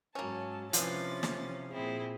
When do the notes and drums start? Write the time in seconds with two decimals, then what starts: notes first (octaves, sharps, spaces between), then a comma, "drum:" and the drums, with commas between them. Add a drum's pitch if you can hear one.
0.15 G#2 F#3 A#3 C#4 A5
0.73 C3 E3 F3 C#4 D4 A6, drum: hi-hat
1.23 drum: snare
1.72 A#2 C4 E4 G#4